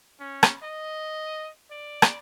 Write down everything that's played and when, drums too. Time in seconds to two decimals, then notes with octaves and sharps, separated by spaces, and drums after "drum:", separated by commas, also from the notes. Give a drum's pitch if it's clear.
0.20 C#4
0.43 drum: rim click
0.63 D#5
1.71 D5
2.02 drum: rim click